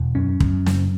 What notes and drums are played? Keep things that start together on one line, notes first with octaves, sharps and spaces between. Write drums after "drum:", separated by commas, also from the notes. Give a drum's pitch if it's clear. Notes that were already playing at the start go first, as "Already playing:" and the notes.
Already playing: E1
F#2 C#4
F#2, drum: kick
F#1, drum: snare